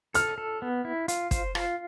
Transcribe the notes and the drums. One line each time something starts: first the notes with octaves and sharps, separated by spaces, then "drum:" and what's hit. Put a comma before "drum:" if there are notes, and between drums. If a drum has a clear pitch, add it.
A4 F6, drum: hi-hat
A4
B3
E4
F4, drum: hi-hat
C5, drum: kick, hi-hat
F4, drum: rim click